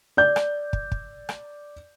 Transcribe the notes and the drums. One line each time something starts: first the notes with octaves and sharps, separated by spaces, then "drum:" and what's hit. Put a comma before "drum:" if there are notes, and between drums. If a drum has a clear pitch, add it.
D5 G6
drum: rim click
drum: kick
drum: kick
drum: rim click